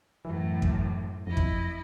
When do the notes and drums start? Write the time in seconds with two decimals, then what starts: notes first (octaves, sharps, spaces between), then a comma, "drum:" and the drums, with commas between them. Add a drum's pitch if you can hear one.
0.25 F#2 A2 E3
0.62 drum: kick
1.27 F2 E4 D#5
1.37 drum: kick